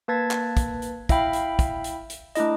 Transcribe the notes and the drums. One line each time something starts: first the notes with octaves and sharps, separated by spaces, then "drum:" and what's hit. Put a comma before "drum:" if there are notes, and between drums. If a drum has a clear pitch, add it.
A#3 B4 A5 G#6 A6 B6
drum: clap
drum: kick, hi-hat
drum: hi-hat
E4 E5 F5 G5 B5, drum: kick, hi-hat
drum: hi-hat
drum: kick, hi-hat
drum: hi-hat
drum: hi-hat
A3 D4 E4 D#5, drum: hi-hat